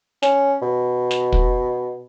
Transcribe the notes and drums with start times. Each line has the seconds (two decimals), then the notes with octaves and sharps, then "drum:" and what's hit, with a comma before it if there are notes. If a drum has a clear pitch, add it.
0.22 C#4, drum: snare
0.62 B2
1.11 drum: snare
1.32 drum: kick